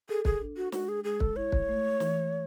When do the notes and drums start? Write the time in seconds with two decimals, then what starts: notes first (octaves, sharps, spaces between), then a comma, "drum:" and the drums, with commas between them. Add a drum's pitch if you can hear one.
0.09 G#4 A4
0.25 G#4, drum: kick
0.41 D4
0.57 F#4
0.72 G#3 F#4, drum: snare
0.89 G#4
1.04 G#3 G#4
1.20 A4, drum: kick
1.36 E4 C#5
1.52 drum: kick
1.69 A3
2.00 E3, drum: snare